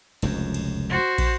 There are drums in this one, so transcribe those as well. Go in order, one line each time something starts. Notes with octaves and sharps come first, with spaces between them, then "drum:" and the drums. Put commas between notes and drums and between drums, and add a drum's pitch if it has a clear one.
F1 C#2 F#2, drum: cymbal
drum: cymbal
F#4 C5
drum: kick, cymbal